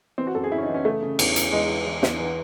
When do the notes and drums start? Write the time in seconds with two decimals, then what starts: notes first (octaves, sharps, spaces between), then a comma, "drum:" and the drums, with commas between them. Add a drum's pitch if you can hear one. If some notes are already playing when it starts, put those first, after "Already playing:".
0.18 E3 C4
0.27 F#4
0.35 F#2 A4
0.44 G#4
0.52 F#2 E4
0.58 C#4
0.63 D#4
0.69 E3
0.74 C#4
0.85 C#3 A3
1.03 C#3
1.19 E2, drum: cymbal
1.36 E2, drum: hi-hat
1.53 E2 G#3
1.69 E3
1.86 E3
2.03 E2, drum: snare
2.20 E3